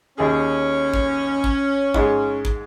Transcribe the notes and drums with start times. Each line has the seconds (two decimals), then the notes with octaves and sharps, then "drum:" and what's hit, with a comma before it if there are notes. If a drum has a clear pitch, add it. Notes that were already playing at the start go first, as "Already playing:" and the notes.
0.18 D#2 C#4 G#4
0.94 drum: kick
1.44 drum: kick
1.94 G#2 G#3, drum: kick
2.45 drum: kick